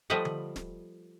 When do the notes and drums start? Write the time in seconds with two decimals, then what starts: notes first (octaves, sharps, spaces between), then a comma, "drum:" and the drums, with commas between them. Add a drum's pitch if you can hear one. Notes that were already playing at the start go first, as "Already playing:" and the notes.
0.10 F3 G3 A3 B4 D#5 F#5
0.25 drum: tom D3
0.56 drum: snare